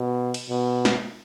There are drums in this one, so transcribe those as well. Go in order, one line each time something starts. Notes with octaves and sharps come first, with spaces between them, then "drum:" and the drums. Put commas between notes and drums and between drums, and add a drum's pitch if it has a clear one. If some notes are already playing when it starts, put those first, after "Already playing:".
Already playing: B2
drum: cymbal
B2
drum: snare